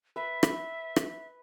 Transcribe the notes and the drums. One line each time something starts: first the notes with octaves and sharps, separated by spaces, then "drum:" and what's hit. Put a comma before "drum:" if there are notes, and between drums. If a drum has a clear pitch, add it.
B4 E5
drum: rim click
drum: rim click